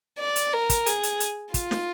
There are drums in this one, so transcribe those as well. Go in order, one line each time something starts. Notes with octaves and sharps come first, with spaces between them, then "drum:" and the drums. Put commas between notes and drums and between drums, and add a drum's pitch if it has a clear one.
D5
drum: hi-hat
A#4
drum: kick, hi-hat
G#4, drum: hi-hat
drum: hi-hat
drum: hi-hat
F4, drum: kick, hi-hat
drum: snare